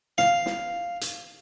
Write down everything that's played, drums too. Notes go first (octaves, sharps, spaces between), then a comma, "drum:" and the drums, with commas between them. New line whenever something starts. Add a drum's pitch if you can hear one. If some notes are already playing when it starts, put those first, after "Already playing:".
F5, drum: snare
drum: snare
drum: hi-hat